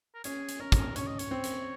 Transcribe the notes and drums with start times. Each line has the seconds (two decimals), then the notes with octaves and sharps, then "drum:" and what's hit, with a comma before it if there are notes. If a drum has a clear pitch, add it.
0.14 A#4
0.24 C#4 G#4, drum: hi-hat
0.48 drum: hi-hat
0.60 C#4 A#4
0.72 drum: kick, hi-hat
0.96 C#4 C#5, drum: hi-hat
1.07 D#5
1.19 C#5, drum: hi-hat
1.31 C4
1.44 drum: hi-hat